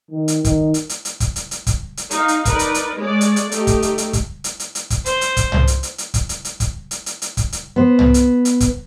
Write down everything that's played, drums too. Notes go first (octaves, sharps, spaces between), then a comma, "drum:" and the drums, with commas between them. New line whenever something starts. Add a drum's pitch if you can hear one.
D#3
drum: hi-hat
D#3, drum: kick, hi-hat
drum: hi-hat
drum: hi-hat
drum: hi-hat
drum: kick, hi-hat
drum: hi-hat
drum: hi-hat
drum: kick, hi-hat
drum: hi-hat
D#4 F5, drum: hi-hat
drum: hi-hat
D#4 A#4 B4 D5, drum: kick, hi-hat
drum: hi-hat
drum: hi-hat
G#3 C#5 D5
drum: hi-hat
drum: hi-hat
A3 D#4 G4, drum: hi-hat
drum: kick, hi-hat
drum: hi-hat
drum: hi-hat
drum: kick, hi-hat
drum: hi-hat
drum: hi-hat
drum: hi-hat
drum: kick, hi-hat
C5, drum: hi-hat
drum: hi-hat
drum: kick, hi-hat
drum: tom
drum: hi-hat
drum: hi-hat
drum: hi-hat
drum: kick, hi-hat
drum: hi-hat
drum: hi-hat
drum: kick, hi-hat
drum: hi-hat
drum: hi-hat
drum: hi-hat
drum: kick, hi-hat
drum: hi-hat
B3 C5
drum: tom
drum: hi-hat
drum: hi-hat
drum: kick, hi-hat